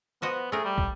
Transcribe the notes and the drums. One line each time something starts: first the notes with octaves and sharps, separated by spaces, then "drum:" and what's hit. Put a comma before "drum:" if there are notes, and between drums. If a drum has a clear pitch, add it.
F3 B3 F#4 D#5
A3 G#4 A#4
G3
drum: kick